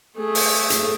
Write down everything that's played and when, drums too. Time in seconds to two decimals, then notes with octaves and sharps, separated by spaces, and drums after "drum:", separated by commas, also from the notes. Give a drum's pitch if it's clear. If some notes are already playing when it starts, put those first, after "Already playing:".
0.17 A3 G#4
0.35 drum: open hi-hat
0.70 drum: hi-hat